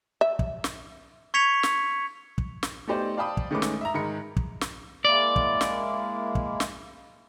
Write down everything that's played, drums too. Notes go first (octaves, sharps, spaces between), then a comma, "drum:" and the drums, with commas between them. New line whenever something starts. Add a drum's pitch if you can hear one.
E5
drum: kick
drum: snare
C#6 G#6 B6 C#7 F7
drum: snare
drum: kick
drum: snare
A3 B3 D#4 G4 C5 D5
D5 F5 G5 A5 B5 D#6
drum: kick
D#3 G#3 A3 C#4 B4 D6
drum: snare
E5 A#5
G#2 D#3 A#4 B5 C#7
drum: kick
drum: snare
G#3 A#3 E4 D5
drum: kick
drum: snare
drum: kick
drum: snare